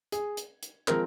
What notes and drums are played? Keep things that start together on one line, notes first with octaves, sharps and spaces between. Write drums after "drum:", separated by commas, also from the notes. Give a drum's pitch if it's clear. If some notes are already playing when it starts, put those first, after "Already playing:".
G#4, drum: hi-hat
drum: hi-hat
drum: hi-hat
F3 G#3 C4 A#4, drum: clap